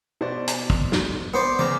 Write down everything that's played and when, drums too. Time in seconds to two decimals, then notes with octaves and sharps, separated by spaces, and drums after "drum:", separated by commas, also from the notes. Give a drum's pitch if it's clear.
0.21 B2 C5 D5
0.48 drum: hi-hat
0.70 drum: kick
0.92 drum: snare
1.34 B3 C5 D5
1.59 C#3 C5 D5 A#5